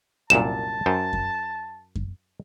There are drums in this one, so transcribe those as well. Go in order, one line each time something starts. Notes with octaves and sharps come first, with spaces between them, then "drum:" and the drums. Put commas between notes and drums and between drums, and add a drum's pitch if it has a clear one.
C2 F#2 A#2 A5 E7
F#2 C5
drum: kick F#2
drum: kick F#2